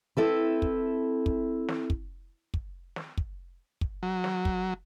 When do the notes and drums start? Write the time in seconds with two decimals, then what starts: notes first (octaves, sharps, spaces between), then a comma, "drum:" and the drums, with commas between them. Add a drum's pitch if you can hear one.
0.17 C4 E4 A4 B4
0.62 drum: kick
1.26 drum: kick
1.68 drum: snare
1.90 drum: kick
2.54 drum: kick
2.96 drum: snare
3.17 drum: kick
3.81 drum: kick
4.03 F#3
4.24 drum: snare
4.45 drum: kick